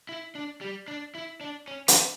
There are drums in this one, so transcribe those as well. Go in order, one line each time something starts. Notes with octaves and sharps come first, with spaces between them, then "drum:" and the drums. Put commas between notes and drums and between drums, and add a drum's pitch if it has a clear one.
E4
D4
G3
D4
E4
D4
C#4
B3, drum: hi-hat